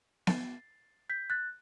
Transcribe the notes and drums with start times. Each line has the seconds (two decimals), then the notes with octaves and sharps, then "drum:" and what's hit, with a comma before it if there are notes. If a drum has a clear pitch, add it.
0.27 A6 C7, drum: snare B3
1.10 G6 B6
1.30 F#6 A6